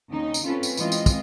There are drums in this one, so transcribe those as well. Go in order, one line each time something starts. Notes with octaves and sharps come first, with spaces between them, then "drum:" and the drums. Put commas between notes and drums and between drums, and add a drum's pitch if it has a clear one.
D#2 C#3 C4 D#4 D#5
drum: tambourine
C4 C#4 F4 A4 B4
drum: tambourine
E3 G#3 C4 F4 D#5, drum: tambourine
drum: tambourine
drum: kick, tambourine